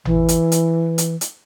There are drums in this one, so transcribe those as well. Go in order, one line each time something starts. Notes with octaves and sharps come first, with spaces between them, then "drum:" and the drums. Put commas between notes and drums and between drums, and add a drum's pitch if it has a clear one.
E3, drum: tom G#1
drum: hi-hat
drum: hi-hat
drum: hi-hat
drum: hi-hat